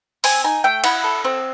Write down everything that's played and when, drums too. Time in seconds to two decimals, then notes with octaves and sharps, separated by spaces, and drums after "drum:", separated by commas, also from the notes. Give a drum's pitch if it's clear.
0.24 C4 G#5, drum: open hi-hat
0.44 D#4 G#5
0.64 A3 G5
0.84 E4 F#5, drum: cymbal
1.04 A4
1.25 C4